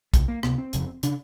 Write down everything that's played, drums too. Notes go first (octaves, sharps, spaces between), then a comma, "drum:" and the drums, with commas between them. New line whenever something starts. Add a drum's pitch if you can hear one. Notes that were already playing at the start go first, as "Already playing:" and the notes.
C#2 C3 A3, drum: kick, hi-hat
A#3
C#2 C3 B3, drum: rim click
C4
F1 F2 C#3, drum: hi-hat
C#3 D4, drum: hi-hat